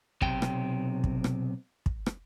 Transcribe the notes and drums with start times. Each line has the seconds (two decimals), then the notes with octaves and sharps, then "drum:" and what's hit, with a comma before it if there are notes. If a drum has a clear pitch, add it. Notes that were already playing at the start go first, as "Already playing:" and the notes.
0.21 B1 C3 G5, drum: kick
0.42 drum: rim click
1.04 drum: kick
1.24 drum: rim click
1.86 drum: kick
2.06 drum: rim click